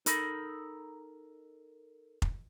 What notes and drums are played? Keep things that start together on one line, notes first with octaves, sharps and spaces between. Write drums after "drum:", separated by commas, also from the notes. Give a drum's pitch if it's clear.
D#4 A4 A#4 B5, drum: hi-hat
drum: kick F1